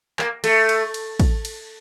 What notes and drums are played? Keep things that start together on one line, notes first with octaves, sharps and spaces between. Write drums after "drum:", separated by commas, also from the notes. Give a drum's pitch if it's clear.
A#3, drum: clap
A3, drum: cymbal
drum: cymbal
drum: cymbal
drum: kick, cymbal
drum: cymbal